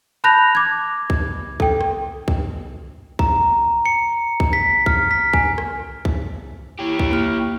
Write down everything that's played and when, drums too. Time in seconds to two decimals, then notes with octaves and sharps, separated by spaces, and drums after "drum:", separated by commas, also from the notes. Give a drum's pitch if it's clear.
0.24 A5 B5 F#6 G6 A#6 F7
0.55 D6 G#6
1.10 drum: kick
1.60 A4 G5, drum: kick
1.81 drum: rim click
2.28 drum: kick
3.19 A#5, drum: kick
3.85 C#7
4.40 drum: kick
4.53 B6
4.86 F6, drum: kick
5.11 B6
5.33 G#5, drum: kick
5.58 drum: rim click
6.05 drum: kick
6.79 E4 G4 C#5
6.99 drum: kick
7.11 A#3 F6